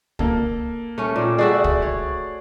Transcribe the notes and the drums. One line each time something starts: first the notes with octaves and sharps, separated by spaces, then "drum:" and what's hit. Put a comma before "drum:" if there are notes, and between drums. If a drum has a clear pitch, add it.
A#3 A4, drum: kick
A3 C#4
A#2 C4
A3 F#4 G#4 D5 E5
drum: kick
C#5